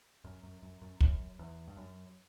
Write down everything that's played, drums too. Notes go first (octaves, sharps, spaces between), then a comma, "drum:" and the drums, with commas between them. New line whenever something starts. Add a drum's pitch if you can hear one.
F#2
F#2
F#2
F#2
F#2, drum: kick
E2
G2
F#2